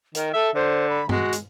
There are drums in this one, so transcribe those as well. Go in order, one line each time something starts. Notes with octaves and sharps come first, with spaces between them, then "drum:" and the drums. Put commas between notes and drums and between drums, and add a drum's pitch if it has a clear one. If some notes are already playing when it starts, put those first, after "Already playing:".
D#3 A#4, drum: hi-hat
A4 E5
D3 C5
B5
G#3 F#4, drum: tom G2
drum: hi-hat